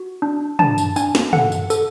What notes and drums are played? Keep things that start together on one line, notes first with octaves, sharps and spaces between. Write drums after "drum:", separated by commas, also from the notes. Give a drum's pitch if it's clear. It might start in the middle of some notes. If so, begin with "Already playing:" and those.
Already playing: F#4
D4
D4 A5, drum: tom
drum: tambourine
D4 G#5, drum: tambourine
drum: snare
A4 F#5, drum: tom
drum: tambourine
A4, drum: tambourine